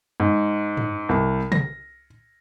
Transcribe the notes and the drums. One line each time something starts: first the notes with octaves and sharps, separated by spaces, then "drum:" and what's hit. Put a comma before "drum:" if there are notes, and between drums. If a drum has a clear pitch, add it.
G#2
drum: tom
C2
A#6, drum: tom